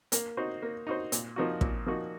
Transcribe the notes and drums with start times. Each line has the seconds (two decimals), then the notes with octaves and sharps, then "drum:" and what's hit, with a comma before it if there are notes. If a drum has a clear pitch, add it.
0.12 A#3, drum: hi-hat
0.37 D#4 F#4 C5
0.63 A#3
0.87 D#4 F#4 C5
1.12 A#2, drum: hi-hat
1.36 F3 A#3 D#4 F#4
1.61 A#2, drum: kick
1.86 F3 A#3 D#4 F#4